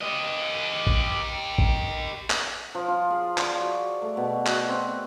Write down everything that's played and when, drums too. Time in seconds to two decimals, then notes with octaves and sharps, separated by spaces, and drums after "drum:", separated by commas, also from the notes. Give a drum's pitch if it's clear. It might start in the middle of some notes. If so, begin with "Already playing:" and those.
0.01 G4 D#5
0.87 drum: kick
1.58 drum: kick
2.30 drum: clap
2.75 F3
2.88 F4
3.10 G#4
3.38 D5, drum: clap
3.60 F#4
4.02 A3
4.17 B2
4.46 F#4, drum: clap
4.69 C4